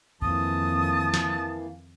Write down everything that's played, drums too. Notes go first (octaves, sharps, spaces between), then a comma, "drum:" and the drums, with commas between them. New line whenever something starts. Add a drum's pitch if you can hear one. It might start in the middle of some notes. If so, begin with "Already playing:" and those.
F2 D#3 E3 A#3 A5 D#6, drum: kick C#2
drum: snare